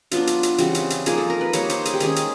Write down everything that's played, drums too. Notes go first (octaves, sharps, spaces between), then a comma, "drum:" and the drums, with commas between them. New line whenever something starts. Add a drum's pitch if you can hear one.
F#3 B3 D4 F4, drum: hi-hat
drum: hi-hat
drum: hi-hat
C#3 E3 G3 C4 F#4, drum: hi-hat
drum: hi-hat
drum: hi-hat
F3 A#3 D#4 G#4, drum: hi-hat
A4
A#4
B4
G3 A#3 D#4 C#5, drum: hi-hat
C5, drum: hi-hat
G#4, drum: hi-hat
G4
D#3 G#3 C#4 G#4, drum: hi-hat
drum: hi-hat